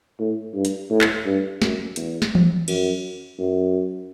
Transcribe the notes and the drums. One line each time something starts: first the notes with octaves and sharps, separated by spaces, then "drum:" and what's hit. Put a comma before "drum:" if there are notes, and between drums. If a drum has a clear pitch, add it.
A2
G2
drum: hi-hat
A2
drum: clap
G2
F#2, drum: snare
E2, drum: hi-hat
drum: snare
drum: tom E3
F#2, drum: cymbal
F#2